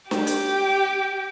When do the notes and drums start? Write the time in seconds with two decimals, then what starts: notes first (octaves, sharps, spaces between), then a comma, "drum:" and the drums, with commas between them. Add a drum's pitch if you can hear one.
0.11 G4, drum: snare D4
0.27 drum: hi-hat